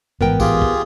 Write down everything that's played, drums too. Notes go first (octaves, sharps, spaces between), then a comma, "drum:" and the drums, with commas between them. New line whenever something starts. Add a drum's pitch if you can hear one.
A1 G#2 E3 B3 A#4 G5
F4 G4 G#4, drum: kick, tambourine
drum: kick